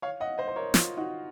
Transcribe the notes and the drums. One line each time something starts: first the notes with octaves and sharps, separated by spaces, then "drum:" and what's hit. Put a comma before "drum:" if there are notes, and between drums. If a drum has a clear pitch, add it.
C#5 F5
D#5 F#5
C5 D#5
C5
A#4 C#5
F4, drum: snare
D#4 F#4